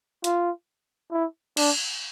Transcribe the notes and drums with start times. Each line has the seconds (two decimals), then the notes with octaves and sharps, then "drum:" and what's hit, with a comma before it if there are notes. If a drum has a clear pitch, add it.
0.24 F4, drum: hi-hat
1.12 E4
1.57 D4, drum: cymbal